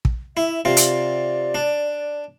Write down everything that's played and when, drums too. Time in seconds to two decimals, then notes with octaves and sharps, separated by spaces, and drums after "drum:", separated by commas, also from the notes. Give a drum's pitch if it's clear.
0.05 drum: kick
0.37 E4 E5
0.65 C3 F4 D5
0.77 drum: hi-hat
1.55 D4